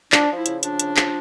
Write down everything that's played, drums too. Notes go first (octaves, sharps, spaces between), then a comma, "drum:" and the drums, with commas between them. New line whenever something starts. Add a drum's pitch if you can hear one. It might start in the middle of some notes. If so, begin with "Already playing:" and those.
F3 D4, drum: clap
F3
E4
C#3, drum: hi-hat
F3 D4, drum: hi-hat
C#3, drum: hi-hat
F3, drum: clap